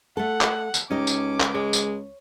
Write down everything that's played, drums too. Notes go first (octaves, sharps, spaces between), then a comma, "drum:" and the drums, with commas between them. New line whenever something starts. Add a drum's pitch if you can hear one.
A3 A4 F#5
drum: clap
drum: tambourine
C#2 C#4 D#4 G4 D#5 D6
drum: tambourine
drum: clap
G#3 C#5
drum: tambourine